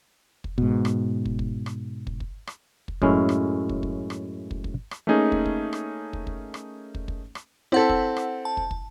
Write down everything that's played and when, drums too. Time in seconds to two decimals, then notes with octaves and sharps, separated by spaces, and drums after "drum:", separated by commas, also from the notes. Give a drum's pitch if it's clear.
0.44 drum: kick
0.58 G#2 B2, drum: kick
0.85 drum: rim click
1.25 drum: kick
1.39 drum: kick
1.66 drum: rim click
2.07 drum: kick
2.20 drum: kick
2.47 drum: rim click
2.88 drum: kick
3.02 F#2 A2 G#3 C#4 E4, drum: kick
3.29 drum: rim click
3.69 drum: kick
3.83 drum: kick
4.10 drum: rim click
4.51 drum: kick
4.64 drum: kick
4.91 drum: rim click
5.07 A3 A#3 C#4 D#4 G#4
5.32 drum: kick
5.46 drum: kick
5.73 drum: rim click
6.13 drum: kick
6.27 drum: kick
6.54 drum: rim click
6.95 drum: kick
7.08 drum: kick
7.35 drum: rim click
7.72 C4 E4 A4 F#5
7.89 drum: kick
8.17 drum: rim click
8.45 A5
8.57 drum: kick
8.71 drum: kick